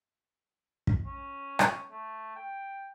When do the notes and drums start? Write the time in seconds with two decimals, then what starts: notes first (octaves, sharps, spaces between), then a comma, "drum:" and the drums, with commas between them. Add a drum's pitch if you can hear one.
0.87 drum: kick
1.05 C#4
1.59 drum: rim click
1.91 A3
2.36 G5